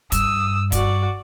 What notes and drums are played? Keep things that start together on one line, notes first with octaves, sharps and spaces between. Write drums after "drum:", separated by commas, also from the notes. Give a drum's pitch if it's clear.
G2 D#6 E6, drum: kick, hi-hat
F#4 D5, drum: kick, hi-hat